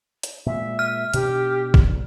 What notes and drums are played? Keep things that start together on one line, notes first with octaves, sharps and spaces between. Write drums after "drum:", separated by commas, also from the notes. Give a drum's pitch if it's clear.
drum: hi-hat
A#2 G#3 E5
F6
B2 D4 G4, drum: hi-hat
drum: kick G#1
D2